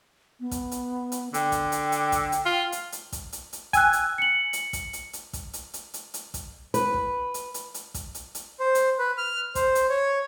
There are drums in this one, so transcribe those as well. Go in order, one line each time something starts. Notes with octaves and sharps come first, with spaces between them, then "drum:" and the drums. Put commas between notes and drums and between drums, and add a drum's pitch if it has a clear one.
B3
drum: kick, hi-hat
drum: hi-hat
drum: hi-hat
D3 G5, drum: hi-hat
drum: kick, hi-hat
drum: hi-hat
drum: hi-hat
drum: kick, hi-hat
drum: hi-hat
F4
drum: hi-hat
drum: hi-hat
drum: kick, hi-hat
drum: hi-hat
drum: hi-hat
G5 G#5 E6 F#6, drum: kick, hi-hat
drum: hi-hat
C#7 F#7
drum: hi-hat
drum: kick, hi-hat
drum: hi-hat
drum: hi-hat
drum: kick, hi-hat
drum: hi-hat
drum: hi-hat
drum: hi-hat
drum: hi-hat
drum: kick, hi-hat
B4, drum: hi-hat
drum: kick
drum: hi-hat
drum: hi-hat
drum: hi-hat
drum: kick, hi-hat
drum: hi-hat
drum: hi-hat
C5
drum: hi-hat
B4
F6
C5, drum: kick, hi-hat
drum: hi-hat
C#5